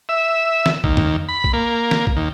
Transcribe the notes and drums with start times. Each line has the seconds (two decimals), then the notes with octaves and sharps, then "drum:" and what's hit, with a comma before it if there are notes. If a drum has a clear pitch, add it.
0.09 E5
0.66 drum: snare D#3
0.84 D#2, drum: kick A1
0.97 drum: tom F2
1.29 B5
1.44 drum: kick A1
1.53 A#3
1.91 drum: snare D#3
2.07 drum: kick A1
2.17 D#2